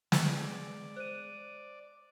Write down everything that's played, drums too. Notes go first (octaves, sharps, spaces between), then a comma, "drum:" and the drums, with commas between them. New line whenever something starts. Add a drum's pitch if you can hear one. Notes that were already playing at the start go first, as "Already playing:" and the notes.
G#3 D5 G#5 E6, drum: snare
C5 F#6 D#7